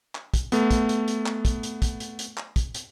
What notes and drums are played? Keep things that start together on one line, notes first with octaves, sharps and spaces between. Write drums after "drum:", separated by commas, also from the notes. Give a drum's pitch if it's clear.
drum: clap
drum: kick, hi-hat
A3 B3, drum: hi-hat
drum: kick, hi-hat
drum: hi-hat
drum: hi-hat
drum: clap
drum: kick, hi-hat
drum: hi-hat
drum: kick, hi-hat
drum: hi-hat
drum: hi-hat
drum: clap
drum: kick, hi-hat
drum: hi-hat